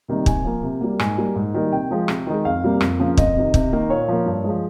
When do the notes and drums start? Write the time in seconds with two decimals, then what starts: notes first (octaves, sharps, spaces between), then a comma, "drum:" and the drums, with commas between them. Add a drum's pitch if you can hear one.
0.08 C3 D#3 G3 A#3
0.26 C3 G#5, drum: kick
0.44 F3 A#3
0.63 C3
0.81 G3 A#3
0.99 G#2 G#5, drum: rim click
1.18 G3 A#3
1.36 G#2
1.54 D#3 G3 A#3
1.72 C3 G5
1.91 F3 G#3
2.08 C3, drum: rim click
2.27 D#3 G#3
2.45 F2 F5
2.64 C3 G3 A#3
2.81 F2, drum: rim click
3.00 C#3 F3 A#3
3.17 F2 D#5, drum: kick
3.36 C3 D#3
3.54 C3, drum: kick
3.73 D#3 A#3
3.90 A#2 C#5
4.08 F3 A#3
4.26 G2
4.44 F3 G#3